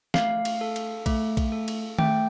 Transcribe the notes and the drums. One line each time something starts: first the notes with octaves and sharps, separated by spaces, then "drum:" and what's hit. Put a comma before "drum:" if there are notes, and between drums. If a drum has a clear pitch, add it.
A3 F5, drum: snare
drum: cymbal
A4
drum: cymbal
A3, drum: kick, cymbal
drum: kick, cymbal
A4
drum: cymbal
A3 G5, drum: tom D#3